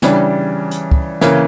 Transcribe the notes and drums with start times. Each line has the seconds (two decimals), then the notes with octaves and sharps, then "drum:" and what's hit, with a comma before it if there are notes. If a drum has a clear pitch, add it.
0.02 C#3 E3 G3 D4, drum: snare
0.71 drum: hi-hat
0.91 drum: kick
1.21 C#3 E3 A#3, drum: snare